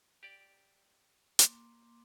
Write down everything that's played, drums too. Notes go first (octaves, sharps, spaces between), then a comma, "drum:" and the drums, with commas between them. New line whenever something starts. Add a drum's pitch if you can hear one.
G4 D5
A#3 C6 D6, drum: hi-hat